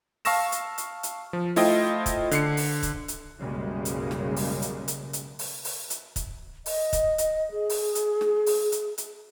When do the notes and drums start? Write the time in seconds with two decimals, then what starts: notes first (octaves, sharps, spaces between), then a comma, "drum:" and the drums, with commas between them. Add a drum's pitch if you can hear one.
0.25 F5 A5 C#6 E6 A#6 E7, drum: open hi-hat
0.52 drum: hi-hat
0.78 drum: hi-hat
1.03 drum: hi-hat
1.33 F3
1.56 A3 E4 F4 C5 D#5 G5, drum: open hi-hat
2.06 drum: kick, hi-hat
2.31 D3 C7 C#7, drum: hi-hat
2.57 drum: open hi-hat
2.83 drum: kick, hi-hat
3.08 drum: hi-hat
3.39 B1 F#2 C#3 G3 G#3 A#3
3.85 drum: hi-hat
4.11 drum: snare
4.36 drum: open hi-hat
4.62 drum: hi-hat
4.88 drum: hi-hat
5.13 drum: hi-hat
5.39 drum: open hi-hat
5.65 drum: open hi-hat
5.90 drum: hi-hat
6.16 drum: kick, hi-hat
6.66 D#5, drum: open hi-hat
6.93 drum: kick, hi-hat
7.18 drum: hi-hat
7.51 G#4
7.70 drum: open hi-hat
7.95 drum: hi-hat
8.21 drum: snare
8.46 drum: open hi-hat
8.72 drum: hi-hat
8.98 drum: hi-hat